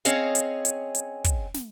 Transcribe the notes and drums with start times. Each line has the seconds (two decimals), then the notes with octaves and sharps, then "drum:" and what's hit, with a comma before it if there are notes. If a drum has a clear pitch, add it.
0.05 C4 C#4 G#4 C#5 D#5 F5, drum: hi-hat
0.35 drum: hi-hat
0.65 drum: hi-hat
0.95 drum: hi-hat
1.24 drum: kick, hi-hat
1.54 drum: snare